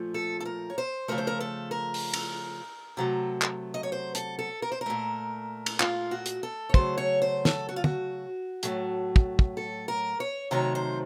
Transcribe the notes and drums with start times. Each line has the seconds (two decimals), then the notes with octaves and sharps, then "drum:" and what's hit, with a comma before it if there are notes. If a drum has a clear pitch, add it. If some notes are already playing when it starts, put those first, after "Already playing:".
Already playing: A#2 F3 A3
0.14 A4
0.40 A4
0.45 A#4
0.70 C#5
0.78 C5
1.08 C#3 F3 A3 A#4
1.18 C5
1.27 A#4
1.41 A4
1.71 A#4
1.94 drum: open hi-hat
2.13 drum: cymbal
2.97 C3 F#3 A3
3.42 drum: clap
3.74 D#5
3.83 C#5
3.92 C5
4.15 A4, drum: hi-hat
4.39 A4
4.62 A#4
4.72 C5
4.81 A#4
4.86 A#2 A3
5.66 drum: cymbal
5.80 F4, drum: clap
6.11 F#4
6.26 drum: hi-hat
6.43 A4
6.69 C#5
6.74 C#3 F#3 A3 C5, drum: kick
6.98 C#5
7.22 C5
7.45 A4, drum: snare
7.69 F#4
7.76 F4
7.84 F#4, drum: tom
8.63 A2 F#3 A3, drum: hi-hat
9.16 drum: kick
9.39 drum: kick
9.57 A4
9.88 A#4
10.20 C#5
10.51 C3 D#3 F#3 A3 C#5
10.75 C5